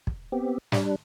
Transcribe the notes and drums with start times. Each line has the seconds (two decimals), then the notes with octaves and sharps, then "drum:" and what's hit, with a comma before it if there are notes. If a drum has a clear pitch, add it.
0.07 drum: kick
0.32 B3 C4 G4
0.72 G3 D4, drum: snare